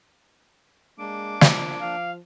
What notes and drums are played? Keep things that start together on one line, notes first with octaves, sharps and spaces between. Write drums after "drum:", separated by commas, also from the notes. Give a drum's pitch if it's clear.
G#3 A#3 D4 D6
F3, drum: snare
F3 F5